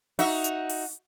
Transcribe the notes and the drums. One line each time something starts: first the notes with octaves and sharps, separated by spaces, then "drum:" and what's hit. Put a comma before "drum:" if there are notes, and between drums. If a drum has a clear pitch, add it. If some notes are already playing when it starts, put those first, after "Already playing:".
D#4 F#4 E5, drum: open hi-hat
drum: hi-hat
drum: open hi-hat